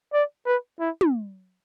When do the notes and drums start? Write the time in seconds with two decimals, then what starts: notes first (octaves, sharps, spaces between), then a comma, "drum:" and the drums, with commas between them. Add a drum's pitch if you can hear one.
0.13 D5
0.46 B4
0.80 E4
1.01 drum: tom